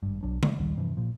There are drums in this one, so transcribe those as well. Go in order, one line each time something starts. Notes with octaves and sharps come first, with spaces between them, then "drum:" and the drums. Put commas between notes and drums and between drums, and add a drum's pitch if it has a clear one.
G#1 G2
B1 F#3 D4
D3 G#3, drum: tom C#3
A#1 D#2 D#3 G3
G2 C3 E3 F3
A#2 F3